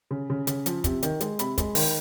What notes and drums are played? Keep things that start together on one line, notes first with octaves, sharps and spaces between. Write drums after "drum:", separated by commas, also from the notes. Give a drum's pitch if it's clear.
C#3
C#3
C#3, drum: hi-hat
F3, drum: hi-hat
C3, drum: kick, hi-hat
D#3, drum: hi-hat
G#3, drum: hi-hat
C3 B5, drum: hi-hat
G#3, drum: kick, hi-hat
D#3, drum: open hi-hat